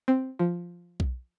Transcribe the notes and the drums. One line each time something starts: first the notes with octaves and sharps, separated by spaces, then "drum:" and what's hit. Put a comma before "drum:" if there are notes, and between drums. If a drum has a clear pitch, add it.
C4
F3
drum: kick B1